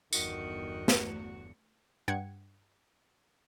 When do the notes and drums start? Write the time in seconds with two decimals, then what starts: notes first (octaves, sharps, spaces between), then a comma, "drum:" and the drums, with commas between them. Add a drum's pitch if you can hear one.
0.13 G1 E2 D#3 F#4 C#7, drum: tambourine
0.88 drum: snare
2.08 G2 F#5 G5 G#6 C#7